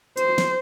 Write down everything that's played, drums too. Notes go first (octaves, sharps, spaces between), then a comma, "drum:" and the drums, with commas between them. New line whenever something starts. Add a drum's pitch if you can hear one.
C5, drum: hi-hat
drum: snare